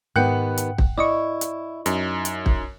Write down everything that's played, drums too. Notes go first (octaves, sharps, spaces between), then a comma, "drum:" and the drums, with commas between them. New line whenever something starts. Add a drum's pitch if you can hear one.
G#2 D#3 B3 G4 F#5 G5 F#6 C#7
drum: hi-hat
drum: kick
E4 D5 D#5 C#6
drum: hi-hat
F#2 D#4, drum: hi-hat
drum: hi-hat
drum: kick